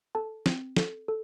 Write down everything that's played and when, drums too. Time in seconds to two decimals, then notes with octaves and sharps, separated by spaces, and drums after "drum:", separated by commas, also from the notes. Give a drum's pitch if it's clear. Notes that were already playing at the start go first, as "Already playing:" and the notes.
0.15 A4 A5
0.46 C4, drum: snare
0.76 A4, drum: snare
1.08 A4